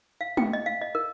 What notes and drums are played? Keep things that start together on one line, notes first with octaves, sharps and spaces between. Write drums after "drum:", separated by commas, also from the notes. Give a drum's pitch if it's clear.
F5
G5, drum: tom G#3
D#5
F5
D#5
A#4